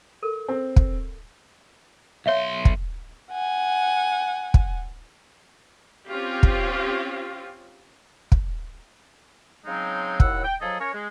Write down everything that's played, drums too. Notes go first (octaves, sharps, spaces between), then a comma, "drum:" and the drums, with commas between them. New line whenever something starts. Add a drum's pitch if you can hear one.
A4 A#4
C4
drum: kick
B1 C#5 E5 F5 C6
drum: kick
F#5 G#5
drum: kick
C4 C#4 F4 G4
drum: kick
drum: kick
C#3 F#3 G#3 C4 D#4
D#2 A2 F#5 E6, drum: kick
G5
F3 F#3 G#4 A4 D#5
C#4 A#4 C#5
G#3